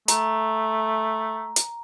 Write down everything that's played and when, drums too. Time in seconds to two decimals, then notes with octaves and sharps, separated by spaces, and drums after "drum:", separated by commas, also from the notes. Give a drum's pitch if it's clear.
0.08 A3 A#5, drum: hi-hat
1.56 drum: hi-hat